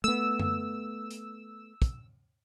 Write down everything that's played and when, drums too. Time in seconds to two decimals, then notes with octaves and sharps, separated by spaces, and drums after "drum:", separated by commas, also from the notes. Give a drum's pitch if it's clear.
0.04 A3 B3 E6
0.39 drum: tom F#2
1.11 drum: hi-hat
1.82 drum: kick, hi-hat